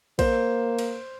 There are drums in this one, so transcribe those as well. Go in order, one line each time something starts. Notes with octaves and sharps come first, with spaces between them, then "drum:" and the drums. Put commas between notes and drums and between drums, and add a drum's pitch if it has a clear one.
A#3 C5, drum: kick, cymbal
drum: cymbal